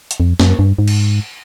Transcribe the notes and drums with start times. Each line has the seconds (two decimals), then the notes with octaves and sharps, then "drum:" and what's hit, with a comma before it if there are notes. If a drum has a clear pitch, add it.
0.11 drum: hi-hat
0.20 F2
0.40 F#2, drum: snare
0.59 G2
0.78 G#2
0.88 drum: cymbal